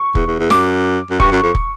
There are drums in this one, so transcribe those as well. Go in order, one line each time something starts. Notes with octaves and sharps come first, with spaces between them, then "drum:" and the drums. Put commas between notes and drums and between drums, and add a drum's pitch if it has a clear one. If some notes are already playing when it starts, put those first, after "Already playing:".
Already playing: C#6
E2, drum: kick
E2
E2
F#2 D6, drum: snare
F#2
G2 C#6, drum: kick
F#2
F2
drum: kick